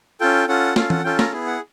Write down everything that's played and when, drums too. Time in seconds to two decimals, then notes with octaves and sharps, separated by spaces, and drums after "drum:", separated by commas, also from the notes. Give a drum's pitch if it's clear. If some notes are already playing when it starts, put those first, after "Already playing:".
0.20 C#4 F4 A4 G5
0.48 C#4 F4 A4 F#5
0.76 C#4 F4 A4 F5, drum: snare
0.90 F#5, drum: tom E3
1.04 C#4 F4 A4 G5
1.19 A#5, drum: snare
1.33 B3 E4 G#4
1.47 F#5